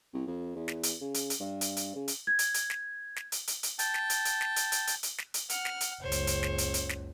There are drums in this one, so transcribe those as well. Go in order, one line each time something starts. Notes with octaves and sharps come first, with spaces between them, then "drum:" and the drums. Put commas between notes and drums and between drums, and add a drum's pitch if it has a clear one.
C2
F2
E2
drum: snare
drum: hi-hat
C#3
drum: hi-hat
drum: hi-hat
G2
drum: hi-hat
drum: hi-hat
C#3
drum: hi-hat
G#6
drum: hi-hat
drum: hi-hat
drum: snare
drum: snare
drum: hi-hat
drum: hi-hat
drum: hi-hat
G5 A5, drum: hi-hat
drum: snare
drum: hi-hat
drum: hi-hat
drum: snare
drum: hi-hat
drum: hi-hat
drum: hi-hat
drum: hi-hat
drum: snare
drum: hi-hat
F#5 F6, drum: hi-hat
drum: snare
drum: hi-hat
F#1 C#2 C5 C#5
drum: hi-hat
drum: hi-hat
drum: snare
drum: hi-hat
drum: hi-hat
drum: snare